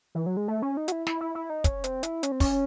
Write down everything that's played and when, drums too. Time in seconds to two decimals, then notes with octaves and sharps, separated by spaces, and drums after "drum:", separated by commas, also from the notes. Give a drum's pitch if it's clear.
0.15 E3
0.26 F#3
0.37 G#3
0.48 A3
0.62 C#4
0.77 D#4
0.88 F#4, drum: hi-hat
0.92 E4
1.07 E4, drum: snare
1.21 E4
1.35 E4
1.50 D#4
1.64 C#4, drum: kick, hi-hat
1.84 C4, drum: hi-hat
2.03 E4, drum: hi-hat
2.23 C#4, drum: hi-hat
2.32 C4
2.40 C#4, drum: kick, open hi-hat